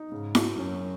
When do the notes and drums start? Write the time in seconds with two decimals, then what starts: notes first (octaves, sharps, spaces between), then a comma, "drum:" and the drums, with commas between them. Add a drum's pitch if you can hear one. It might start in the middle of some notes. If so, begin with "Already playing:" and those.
Already playing: D#4
0.12 G#2 C#3
0.35 F#4, drum: snare E4
0.58 F#2 C#4